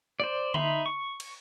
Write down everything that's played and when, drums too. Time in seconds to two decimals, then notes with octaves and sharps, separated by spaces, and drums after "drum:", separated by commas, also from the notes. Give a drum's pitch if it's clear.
0.20 C5 D5
0.54 D#4 E5 B5 C6, drum: tom D3
0.86 C#6
1.20 drum: cymbal